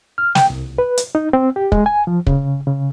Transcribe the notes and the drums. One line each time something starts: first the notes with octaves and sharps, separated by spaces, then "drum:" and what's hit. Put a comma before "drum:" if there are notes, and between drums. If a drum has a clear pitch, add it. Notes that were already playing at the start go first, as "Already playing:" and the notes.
F6
G5, drum: snare
C2
B4
drum: hi-hat
D#4
C4
G4
G#3, drum: kick
G#5
F3
C#3, drum: kick
C#3